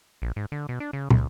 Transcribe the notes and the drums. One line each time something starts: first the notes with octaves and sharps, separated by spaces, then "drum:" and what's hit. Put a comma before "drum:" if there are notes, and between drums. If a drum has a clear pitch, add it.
A#1
G#2
D3
B2
D4
C#3
C#2, drum: tom